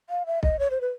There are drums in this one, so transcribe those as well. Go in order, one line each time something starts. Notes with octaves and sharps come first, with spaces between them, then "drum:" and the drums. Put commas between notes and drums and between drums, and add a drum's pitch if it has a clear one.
F5
E5
D#5, drum: kick B1
C#5
C5
B4